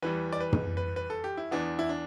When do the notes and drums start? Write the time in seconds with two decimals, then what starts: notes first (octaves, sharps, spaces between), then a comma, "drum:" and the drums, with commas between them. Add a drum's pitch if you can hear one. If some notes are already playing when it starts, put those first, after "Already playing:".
0.03 E2 E3 G3 B4
0.33 D5
0.40 B4
0.53 drum: tom
0.77 B4
0.96 B4
1.10 A4
1.24 G4
1.37 E4
1.51 E2 E3 B3 D4
1.79 E4
1.89 D4